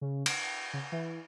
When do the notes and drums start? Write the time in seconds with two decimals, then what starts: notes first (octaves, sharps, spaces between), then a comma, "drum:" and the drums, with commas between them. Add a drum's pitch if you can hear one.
0.01 C#3
0.26 drum: cymbal
0.73 C#3
0.92 E3